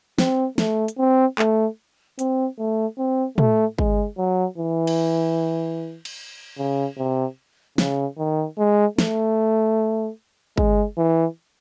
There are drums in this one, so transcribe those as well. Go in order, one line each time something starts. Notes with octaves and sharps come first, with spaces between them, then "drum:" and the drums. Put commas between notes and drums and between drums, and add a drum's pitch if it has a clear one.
C4, drum: snare
A3, drum: snare
drum: hi-hat
C4
A3, drum: clap
C4, drum: hi-hat
A3
C4
A3, drum: tom
G#3, drum: kick G1
F#3
E3
drum: cymbal
drum: cymbal
C#3
C3
C#3, drum: snare
D#3
G#3
A3, drum: snare
G#3, drum: kick G1
E3